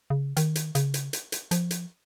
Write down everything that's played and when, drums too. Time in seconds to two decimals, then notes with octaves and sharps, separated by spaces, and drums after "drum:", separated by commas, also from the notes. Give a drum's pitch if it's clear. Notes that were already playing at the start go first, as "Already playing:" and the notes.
0.10 C#3
0.37 D#3, drum: hi-hat
0.55 drum: hi-hat
0.75 C#3, drum: hi-hat
0.94 drum: hi-hat
1.13 drum: hi-hat
1.32 drum: hi-hat
1.51 F3, drum: hi-hat
1.71 drum: hi-hat